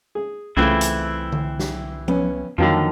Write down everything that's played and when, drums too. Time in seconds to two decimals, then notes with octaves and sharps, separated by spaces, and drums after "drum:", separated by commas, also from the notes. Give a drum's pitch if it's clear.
0.15 G#4
0.57 C2 C#3 E3 A3 C4 E4 F4
0.81 drum: hi-hat
1.32 drum: tom D3
1.59 drum: snare
2.08 B3 C#4, drum: tom F3
2.58 F2 D3 D#3 F3 F#3 A#3 F4